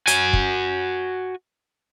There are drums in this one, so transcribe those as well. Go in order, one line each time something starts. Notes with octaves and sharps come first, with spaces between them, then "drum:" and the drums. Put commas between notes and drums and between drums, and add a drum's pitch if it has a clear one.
F#4 G#5, drum: hi-hat
drum: kick